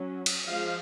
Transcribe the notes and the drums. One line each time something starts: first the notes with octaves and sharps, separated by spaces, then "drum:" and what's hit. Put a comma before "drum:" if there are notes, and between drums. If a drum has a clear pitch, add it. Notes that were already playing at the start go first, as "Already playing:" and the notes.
Already playing: F#3 C#4
drum: cymbal
F3 G#3 F5